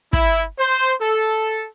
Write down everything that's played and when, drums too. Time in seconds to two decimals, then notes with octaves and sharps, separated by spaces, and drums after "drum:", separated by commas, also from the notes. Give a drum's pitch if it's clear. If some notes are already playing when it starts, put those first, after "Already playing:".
0.13 E4, drum: kick
0.59 C5
1.01 A4